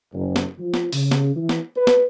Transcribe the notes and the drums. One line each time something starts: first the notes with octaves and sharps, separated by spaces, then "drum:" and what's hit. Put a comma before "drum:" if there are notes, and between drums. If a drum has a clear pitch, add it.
F#1
drum: snare
F3
drum: snare
C#3, drum: open hi-hat
drum: snare
E3
drum: snare
B4
drum: snare